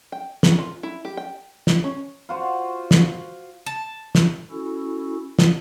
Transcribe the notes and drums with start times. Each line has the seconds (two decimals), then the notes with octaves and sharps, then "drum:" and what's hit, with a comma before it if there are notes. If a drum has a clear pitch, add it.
0.12 G5
0.43 drum: snare
0.58 F4
0.83 E4
1.05 G4
1.17 G5
1.67 drum: snare
1.84 C#4
2.29 F4 F#4 C5
2.91 drum: snare
3.66 A5
4.15 drum: snare
4.51 C#4 E4 F#4 A4
5.39 drum: snare